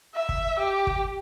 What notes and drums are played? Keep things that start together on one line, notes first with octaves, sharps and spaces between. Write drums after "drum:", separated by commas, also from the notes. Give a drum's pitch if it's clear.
E5
drum: kick
G4
drum: kick